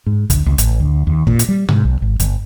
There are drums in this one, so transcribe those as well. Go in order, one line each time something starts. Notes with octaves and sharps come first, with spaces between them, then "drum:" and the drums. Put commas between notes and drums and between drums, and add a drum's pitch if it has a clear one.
G#2
D2, drum: kick, hi-hat
C#2
A1, drum: hi-hat
D2
D#2
A#2, drum: kick
drum: hi-hat
G3
G#2, drum: tom B2
B1
G#1
G1, drum: hi-hat